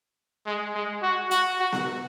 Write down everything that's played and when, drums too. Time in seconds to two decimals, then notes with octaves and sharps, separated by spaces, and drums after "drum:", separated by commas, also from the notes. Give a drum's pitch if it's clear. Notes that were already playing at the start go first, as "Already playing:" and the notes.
0.46 G#3
0.74 G#3
1.03 F#4
1.31 F#4, drum: hi-hat
1.59 F#4
1.72 drum: snare B3